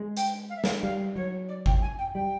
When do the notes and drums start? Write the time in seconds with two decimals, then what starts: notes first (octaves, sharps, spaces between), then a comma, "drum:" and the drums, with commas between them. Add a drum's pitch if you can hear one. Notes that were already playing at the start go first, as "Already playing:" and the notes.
Already playing: G#3
0.17 G5, drum: hi-hat
0.50 F5
0.56 E5
0.64 F5, drum: snare
0.83 G3 F5
1.16 F#3 C#5
1.48 D5
1.66 G5, drum: kick G#1
1.82 G#5
1.98 G5
2.15 G3 G5